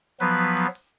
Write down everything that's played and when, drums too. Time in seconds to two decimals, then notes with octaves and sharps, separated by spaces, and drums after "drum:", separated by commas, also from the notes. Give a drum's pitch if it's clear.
0.20 F3 F#3 B3 B4, drum: hi-hat
0.39 drum: hi-hat
0.57 drum: open hi-hat
0.75 drum: hi-hat